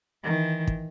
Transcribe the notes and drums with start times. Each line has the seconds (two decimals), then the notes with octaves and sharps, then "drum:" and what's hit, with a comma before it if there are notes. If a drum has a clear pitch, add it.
0.24 D#3 E3
0.67 drum: kick